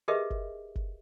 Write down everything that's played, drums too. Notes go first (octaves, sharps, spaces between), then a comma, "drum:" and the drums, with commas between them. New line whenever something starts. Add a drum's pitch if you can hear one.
G4 G#4 A#4 B4 D#5 E5
drum: kick F#1
drum: kick F#1